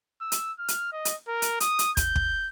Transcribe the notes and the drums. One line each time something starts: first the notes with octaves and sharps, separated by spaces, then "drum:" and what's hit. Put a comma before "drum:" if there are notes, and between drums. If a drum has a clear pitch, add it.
E6
drum: hi-hat
F6
drum: hi-hat
D#5
drum: hi-hat
A#4
drum: hi-hat
D#6, drum: hi-hat
drum: hi-hat
G6, drum: kick, hi-hat
drum: kick